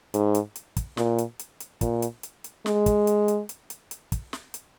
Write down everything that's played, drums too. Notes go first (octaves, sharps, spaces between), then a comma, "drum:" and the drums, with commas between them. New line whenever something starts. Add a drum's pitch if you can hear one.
G#2, drum: hi-hat
drum: hi-hat
drum: hi-hat
drum: kick, hi-hat
A#2, drum: snare
drum: hi-hat
drum: hi-hat
drum: hi-hat
A#2, drum: kick, hi-hat
drum: hi-hat
drum: hi-hat
drum: hi-hat
G#3, drum: snare
drum: kick, hi-hat
drum: hi-hat
drum: hi-hat
drum: hi-hat
drum: hi-hat
drum: hi-hat
drum: kick, hi-hat
drum: snare
drum: hi-hat